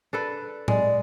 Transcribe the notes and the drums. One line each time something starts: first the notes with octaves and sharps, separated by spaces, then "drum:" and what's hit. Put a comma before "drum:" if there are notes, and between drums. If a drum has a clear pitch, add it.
D4 A4 B4
G#3 D5, drum: tom A2